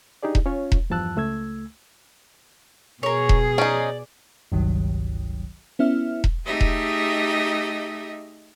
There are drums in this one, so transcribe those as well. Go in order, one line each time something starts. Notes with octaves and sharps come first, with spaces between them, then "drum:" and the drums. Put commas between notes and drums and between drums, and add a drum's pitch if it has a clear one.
D4 D#4 G4 G#4 D5
drum: kick E1
C#4 F4 C#5
drum: kick E1
E2 G2 F3 A5 E6 F#6
C#2 A3 E6 G#6
B2 G#4 A#4 C#5
drum: kick E1
C#4 D#4 D5
G1 C#2 G2 D#3 F#3
B3 C#4 E4 E5 F6
drum: kick E1
A3 D#4 G4 G#4 D#5 E5
drum: kick E1